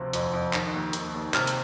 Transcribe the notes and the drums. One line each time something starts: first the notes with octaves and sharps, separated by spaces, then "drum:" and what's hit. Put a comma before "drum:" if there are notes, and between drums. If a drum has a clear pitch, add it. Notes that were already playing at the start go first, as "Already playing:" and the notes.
Already playing: D2 C3 F3
F2, drum: hi-hat
F2
D#3, drum: clap
D#2
D#3, drum: hi-hat
D#2
C3 F6, drum: clap
drum: hi-hat